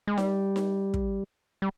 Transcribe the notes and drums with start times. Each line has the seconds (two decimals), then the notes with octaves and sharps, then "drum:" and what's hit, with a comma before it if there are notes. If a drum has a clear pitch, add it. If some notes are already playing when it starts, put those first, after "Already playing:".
0.07 G#3
0.18 G3, drum: snare D#4
0.56 drum: snare D#4
0.94 drum: kick
1.62 G3